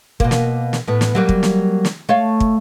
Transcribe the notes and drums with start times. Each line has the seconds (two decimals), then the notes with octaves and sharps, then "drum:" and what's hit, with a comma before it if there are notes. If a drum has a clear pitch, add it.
0.20 B2 A#3, drum: kick
0.31 drum: snare
0.73 drum: snare
0.87 A2 B3
1.01 drum: snare
1.15 F#3 G3 A#3
1.29 drum: kick
1.43 drum: snare
1.85 drum: snare
2.09 A3 C#5 F5
2.40 drum: kick